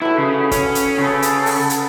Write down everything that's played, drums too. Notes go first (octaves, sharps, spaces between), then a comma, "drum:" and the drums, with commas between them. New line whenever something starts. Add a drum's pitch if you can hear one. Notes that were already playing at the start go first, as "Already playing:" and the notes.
F#3 E4 A4 B4
C#3
C#4, drum: kick G1, hi-hat
drum: hi-hat
C#3 C#4 A4 B4
drum: hi-hat
drum: open hi-hat
drum: hi-hat